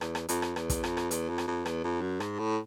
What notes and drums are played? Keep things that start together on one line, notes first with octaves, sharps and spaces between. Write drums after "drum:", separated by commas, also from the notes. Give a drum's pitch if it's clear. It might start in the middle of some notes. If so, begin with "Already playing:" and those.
E2, drum: rim click
drum: rim click
F2, drum: hi-hat
drum: rim click
E2, drum: rim click
drum: kick, hi-hat
F2, drum: rim click
drum: rim click
E2, drum: hi-hat
F2
drum: rim click
F2
E2, drum: rim click
F2
F#2
G#2, drum: rim click
A2